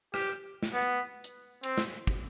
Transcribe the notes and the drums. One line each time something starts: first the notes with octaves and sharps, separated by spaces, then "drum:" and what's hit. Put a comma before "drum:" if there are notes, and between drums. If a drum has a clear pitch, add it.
G4, drum: rim click
drum: snare
B3
drum: hi-hat
C4, drum: cymbal
drum: snare
drum: kick